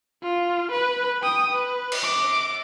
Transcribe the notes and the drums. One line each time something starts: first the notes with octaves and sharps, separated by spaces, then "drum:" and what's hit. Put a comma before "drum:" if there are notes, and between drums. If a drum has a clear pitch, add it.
F4
B4
G5 D#6
B4
drum: cymbal
D6